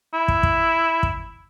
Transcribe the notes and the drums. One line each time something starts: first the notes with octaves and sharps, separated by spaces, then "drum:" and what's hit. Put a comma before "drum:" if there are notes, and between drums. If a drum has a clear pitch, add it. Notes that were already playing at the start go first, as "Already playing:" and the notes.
E4
drum: kick
drum: kick
drum: kick